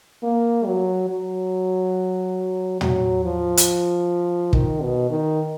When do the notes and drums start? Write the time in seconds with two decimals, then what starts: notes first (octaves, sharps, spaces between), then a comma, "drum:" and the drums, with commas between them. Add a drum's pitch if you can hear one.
0.23 A#3
0.66 F#3
1.10 F#3
2.81 F#3, drum: tom
3.25 F3
3.57 drum: hi-hat
4.53 D#3, drum: kick
4.82 B2
5.10 D#3